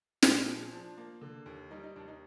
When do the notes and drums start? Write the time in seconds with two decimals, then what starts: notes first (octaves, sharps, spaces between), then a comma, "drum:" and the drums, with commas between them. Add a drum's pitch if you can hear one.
0.22 A#2 C5, drum: snare
0.39 G#4
0.47 F3
0.56 G#4
0.72 F3 D4
0.97 A#3
1.21 D3
1.46 D#2
1.71 G3 D#4
1.83 D#4
1.96 D#2 D4
2.08 D#4